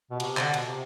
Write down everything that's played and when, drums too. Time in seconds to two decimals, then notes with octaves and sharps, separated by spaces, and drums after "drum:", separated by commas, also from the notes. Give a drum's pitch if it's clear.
0.11 B2
0.20 C3, drum: cymbal
0.37 D3, drum: clap
0.54 B2, drum: cymbal
0.66 C3